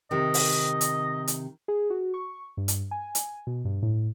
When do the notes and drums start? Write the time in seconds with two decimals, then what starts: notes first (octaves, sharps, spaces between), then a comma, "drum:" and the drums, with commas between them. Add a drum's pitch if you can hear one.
0.11 C3 D#3 D#5
0.34 drum: open hi-hat
0.81 drum: hi-hat
1.28 drum: hi-hat
1.68 G#4
1.90 F#4
2.14 C#6
2.57 G2
2.68 drum: hi-hat
2.91 G#5
3.15 drum: hi-hat
3.47 B2
3.65 G2
3.83 A2